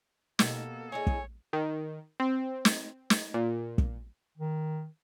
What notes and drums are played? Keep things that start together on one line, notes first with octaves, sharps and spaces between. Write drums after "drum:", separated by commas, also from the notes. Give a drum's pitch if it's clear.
B2 A#3 G4 A4, drum: snare
E4 G#4 C#5 D#5 G#5
drum: kick
D#3
C4
drum: snare
drum: snare
A#2
drum: kick
D#3